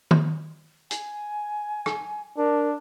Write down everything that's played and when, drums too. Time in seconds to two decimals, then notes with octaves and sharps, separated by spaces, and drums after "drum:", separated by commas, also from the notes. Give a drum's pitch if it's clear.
0.11 drum: tom D#3
0.91 G#5, drum: hi-hat
1.86 drum: rim click
2.37 D4 A#4